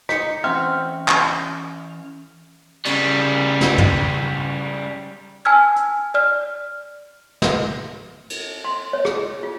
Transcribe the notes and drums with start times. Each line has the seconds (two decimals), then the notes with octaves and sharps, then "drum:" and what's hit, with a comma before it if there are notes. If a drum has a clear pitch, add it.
0.09 D#4 B6 C#7, drum: rim click
0.44 E3 C4 C#4 F#4 E5 F6
1.08 drum: clap
2.85 C#3 G3, drum: cymbal
3.61 drum: snare
3.78 drum: tom
5.45 G#5 A5 E6 F6 G#6
5.76 drum: hi-hat
6.14 D5 F6
7.42 drum: snare
8.30 drum: cymbal
8.65 C6
8.93 C#5
9.05 G#4, drum: rim click
9.43 F4